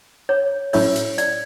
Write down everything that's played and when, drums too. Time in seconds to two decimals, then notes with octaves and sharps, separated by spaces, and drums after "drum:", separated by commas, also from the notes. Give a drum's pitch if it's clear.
0.29 C#5
0.73 A2 F#3 A3 C#4 E4 C#5, drum: open hi-hat
0.96 drum: hi-hat
1.18 D5, drum: hi-hat